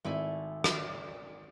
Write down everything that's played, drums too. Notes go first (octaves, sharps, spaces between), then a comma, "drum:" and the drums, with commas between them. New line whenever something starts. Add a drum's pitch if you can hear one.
G#1 A3 E4 G#5
drum: rim click